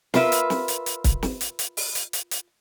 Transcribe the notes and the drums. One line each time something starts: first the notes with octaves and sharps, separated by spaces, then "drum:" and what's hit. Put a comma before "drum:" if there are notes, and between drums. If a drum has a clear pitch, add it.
F4 A#4 B4 D#5 E5, drum: snare
drum: hi-hat
drum: snare
drum: hi-hat
drum: hi-hat
drum: kick, hi-hat
drum: snare
drum: hi-hat
drum: hi-hat
drum: open hi-hat
drum: hi-hat
drum: hi-hat
drum: hi-hat